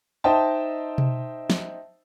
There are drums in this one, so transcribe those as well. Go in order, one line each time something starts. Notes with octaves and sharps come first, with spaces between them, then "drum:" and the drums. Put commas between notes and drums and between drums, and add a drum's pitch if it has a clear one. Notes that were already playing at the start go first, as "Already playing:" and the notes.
D#4 C5 D#5 E5 G5 A5
drum: tom B2
drum: snare